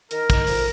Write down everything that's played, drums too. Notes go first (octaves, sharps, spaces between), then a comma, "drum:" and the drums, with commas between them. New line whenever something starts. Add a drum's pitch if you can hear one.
D#3 A#4, drum: hi-hat
D#3, drum: kick, hi-hat
F2, drum: open hi-hat